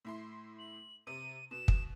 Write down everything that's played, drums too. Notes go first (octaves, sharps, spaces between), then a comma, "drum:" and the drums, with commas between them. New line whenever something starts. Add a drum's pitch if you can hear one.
A2 E4 C6
F#7
C3 D#7
B2 E7
drum: kick